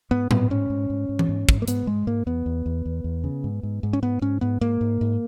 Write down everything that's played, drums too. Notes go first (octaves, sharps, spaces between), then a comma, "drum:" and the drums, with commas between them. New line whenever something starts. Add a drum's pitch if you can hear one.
G#2 B3
G#2 B3, drum: tom A2
G#2 C#4
G#2
G#2
G#2
drum: tom E3
G#2
G#2, drum: kick
A#3
G#2 B3, drum: hi-hat
G#2 G#3
G#2 A#3
E2 B3
E2
E2
E2
E2
C#3
G#2
G#2
G#2
C#4
G#2 B3
G#2 C#4
G#2 B3
G#2 A#3
G#2
G#2